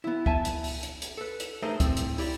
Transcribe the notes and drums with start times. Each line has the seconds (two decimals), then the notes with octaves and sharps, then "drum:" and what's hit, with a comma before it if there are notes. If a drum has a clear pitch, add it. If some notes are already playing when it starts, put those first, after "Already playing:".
0.04 B3 E4
0.26 E5 G#5 A5, drum: kick
0.45 drum: hi-hat
0.64 drum: open hi-hat
0.83 drum: hi-hat
1.02 drum: hi-hat
1.17 A4 B4
1.40 drum: hi-hat
1.63 A3 D#4 G#4 A#4 C5 D#5
1.80 A2 C4, drum: kick, hi-hat
1.97 drum: hi-hat
2.18 E4 G4 D5, drum: open hi-hat